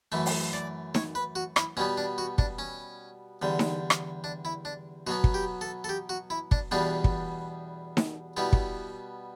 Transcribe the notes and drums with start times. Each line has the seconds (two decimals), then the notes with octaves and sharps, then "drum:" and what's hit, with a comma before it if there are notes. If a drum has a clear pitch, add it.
0.12 F#2 E3 A3 E5
0.26 drum: open hi-hat
0.53 D5
0.95 C#5, drum: snare D#4
1.15 B4
1.36 F#4
1.56 E4, drum: rim click
1.77 B2 G3 B3 C#4
1.98 D4
2.18 F#4
2.38 D4, drum: kick
2.59 C#4
3.42 E2 D3 G3
3.59 drum: snare D#4
3.90 drum: rim click
4.24 D4
4.45 E4
4.65 D4
5.07 B2 F#3 B3 F#4
5.24 drum: kick
5.34 G4
5.61 A4
5.84 A4
5.89 G4
6.09 F#4
6.30 E4
6.51 D4, drum: kick
6.71 E2 B2 G3 B3 D4
7.04 drum: kick
7.97 drum: snare D#4
8.37 B2 G3 B3 E4
8.53 drum: kick